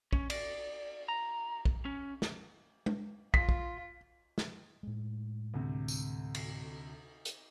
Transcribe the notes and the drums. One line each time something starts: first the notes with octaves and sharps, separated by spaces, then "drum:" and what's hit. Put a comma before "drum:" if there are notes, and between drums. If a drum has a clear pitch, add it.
C#4, drum: kick
D5, drum: cymbal
A#5
drum: kick
C#4
drum: snare
drum: tom G#3
F4 B6, drum: kick
drum: kick
drum: snare
A2 G#3
D2 C3
drum: tambourine
drum: cymbal
drum: hi-hat